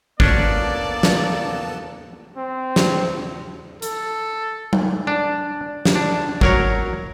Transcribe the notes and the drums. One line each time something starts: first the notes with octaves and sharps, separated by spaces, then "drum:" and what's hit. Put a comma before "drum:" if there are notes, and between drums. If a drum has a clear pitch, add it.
A#3 B3 C#4 D4 A4 D5 A5, drum: kick
drum: snare
C4
drum: snare
A4, drum: hi-hat
drum: tom F#3
D4
drum: snare
D4
F#3 A#4 C#5, drum: kick